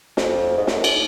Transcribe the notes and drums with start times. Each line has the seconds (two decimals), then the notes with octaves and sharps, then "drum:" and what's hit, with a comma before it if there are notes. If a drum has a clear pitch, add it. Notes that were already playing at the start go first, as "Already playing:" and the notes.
0.17 F2, drum: snare
0.57 G#2
0.67 F#2, drum: snare
0.84 drum: cymbal